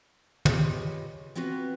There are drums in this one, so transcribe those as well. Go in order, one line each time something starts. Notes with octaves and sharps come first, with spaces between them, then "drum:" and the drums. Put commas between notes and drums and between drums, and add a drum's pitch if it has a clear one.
F4 G4 G#4 B4 C#5 D#5, drum: tom
B3 C4 F4 F#4 B4